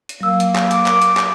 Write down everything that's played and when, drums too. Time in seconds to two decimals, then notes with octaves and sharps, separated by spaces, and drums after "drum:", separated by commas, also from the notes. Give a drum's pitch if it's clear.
0.09 drum: hi-hat
0.21 F#3 A#3 E6
0.40 drum: hi-hat
0.55 drum: clap
0.71 D6, drum: hi-hat
0.86 drum: clap
1.02 drum: hi-hat
1.17 drum: clap